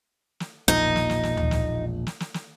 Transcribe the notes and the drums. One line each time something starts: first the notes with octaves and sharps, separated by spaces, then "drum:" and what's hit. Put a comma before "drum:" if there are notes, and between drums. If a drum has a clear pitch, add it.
drum: snare
E1 A#1 A#2 D#4
drum: snare
drum: snare
drum: snare
drum: tom D2
drum: snare
drum: snare
drum: snare
drum: snare